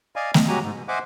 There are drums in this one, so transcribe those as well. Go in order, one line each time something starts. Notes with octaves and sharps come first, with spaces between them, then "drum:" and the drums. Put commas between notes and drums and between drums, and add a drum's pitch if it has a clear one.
D5 D#5 F5 G#5
D#5, drum: snare A3
F#3 G#3 F#4 G4 G#5 A#5
G#2
B2
C5 D#5 E5 F#5 G#5 D6